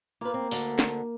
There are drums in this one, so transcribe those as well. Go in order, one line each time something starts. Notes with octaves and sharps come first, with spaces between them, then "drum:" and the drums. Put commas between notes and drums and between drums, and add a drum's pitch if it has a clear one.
A#3 F4 B4
C4
D2 D3, drum: open hi-hat
drum: snare